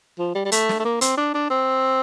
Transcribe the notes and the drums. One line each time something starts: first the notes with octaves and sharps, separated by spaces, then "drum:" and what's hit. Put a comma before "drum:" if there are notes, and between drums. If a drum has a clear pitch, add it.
F3
G3
G3
A3, drum: hi-hat
drum: snare
A3
A#3
C4, drum: hi-hat
D4
D4
C4